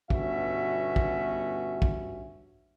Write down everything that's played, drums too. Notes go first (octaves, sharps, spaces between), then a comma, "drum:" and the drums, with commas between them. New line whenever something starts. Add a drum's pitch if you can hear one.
G1 G2 B2 C#4 F#4 E5, drum: kick
drum: kick
drum: kick